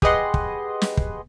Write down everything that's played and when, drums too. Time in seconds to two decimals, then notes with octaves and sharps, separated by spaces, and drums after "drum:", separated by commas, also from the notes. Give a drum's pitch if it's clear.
0.02 G4 G#4 B4 D#5 F#5 C6, drum: kick
0.34 drum: kick
0.82 drum: snare
0.97 drum: kick